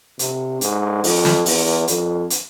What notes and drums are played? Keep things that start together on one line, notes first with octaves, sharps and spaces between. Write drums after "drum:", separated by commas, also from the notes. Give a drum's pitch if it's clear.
C3, drum: hi-hat
G#2, drum: hi-hat
F2, drum: open hi-hat
drum: snare
E2, drum: open hi-hat
F2, drum: hi-hat
drum: hi-hat